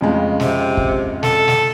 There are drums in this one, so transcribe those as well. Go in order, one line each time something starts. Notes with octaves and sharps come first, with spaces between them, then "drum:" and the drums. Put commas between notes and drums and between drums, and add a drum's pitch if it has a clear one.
F2 C#3 G#3
C3, drum: snare
drum: kick
A4, drum: snare
drum: snare